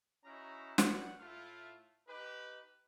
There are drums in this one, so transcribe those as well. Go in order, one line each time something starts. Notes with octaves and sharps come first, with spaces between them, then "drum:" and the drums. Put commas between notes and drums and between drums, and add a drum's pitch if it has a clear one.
C#4 D#4 E4 F#4 A#5
G3 C#5 F#5, drum: snare
A2 A3 E4 F4 F5
D#4 G4 B4